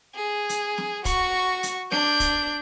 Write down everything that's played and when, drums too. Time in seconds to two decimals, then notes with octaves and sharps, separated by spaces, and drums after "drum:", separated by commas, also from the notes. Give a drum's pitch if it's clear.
0.15 G#4
0.49 drum: hi-hat
0.78 drum: snare
1.05 F#4 C#6, drum: kick, hi-hat
1.63 drum: hi-hat
1.91 D4 G6, drum: snare
2.20 drum: kick, hi-hat